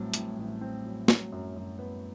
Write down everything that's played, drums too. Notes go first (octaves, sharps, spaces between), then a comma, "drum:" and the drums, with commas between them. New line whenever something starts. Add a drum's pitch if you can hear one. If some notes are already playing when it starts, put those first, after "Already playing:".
Already playing: A1 A2 F#3 G3 A3 C4
A2 A3, drum: hi-hat
A1
C4
F#3
F#3, drum: snare
F#2
F#2
B3